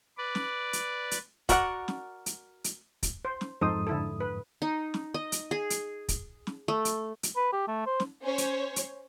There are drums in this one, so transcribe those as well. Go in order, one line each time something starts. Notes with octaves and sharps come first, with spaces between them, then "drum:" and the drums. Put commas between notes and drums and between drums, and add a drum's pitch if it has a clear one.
B4 D5
drum: snare
drum: hi-hat
drum: hi-hat
F#4 A#4 D5 E5 F#5, drum: kick, hi-hat
drum: snare
drum: hi-hat
drum: hi-hat
drum: kick, hi-hat
C5
drum: snare
F2 G#2 D#4 A4 C5 D#6
D3 E4 A4
B4
D#4
drum: snare
D#5
drum: hi-hat
G#4
drum: hi-hat
drum: kick, hi-hat
drum: snare
A3
drum: hi-hat
drum: hi-hat
B4
G4
A3
C5
drum: snare
C#4 C5 C#5
drum: hi-hat
drum: hi-hat